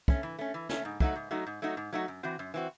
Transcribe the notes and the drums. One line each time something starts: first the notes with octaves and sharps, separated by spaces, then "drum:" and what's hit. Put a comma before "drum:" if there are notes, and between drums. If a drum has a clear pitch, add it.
A3 C#4, drum: kick
E3
A3 C#4
E3
A3 C#4, drum: snare
G#2
F#3 A3 D#4 F#4, drum: kick
G#2
F#3 A3 D#4 F#4
G#2
F#3 A3 D#4 F#4
G#2
F#3 A3 D#4 F#4
F#2
E3 C4 F#4
F#2
E3 C4 F#4